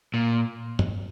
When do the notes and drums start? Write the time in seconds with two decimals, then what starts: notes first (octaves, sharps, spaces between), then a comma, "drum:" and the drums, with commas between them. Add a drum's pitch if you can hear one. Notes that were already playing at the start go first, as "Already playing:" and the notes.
0.14 A#2
0.79 drum: tom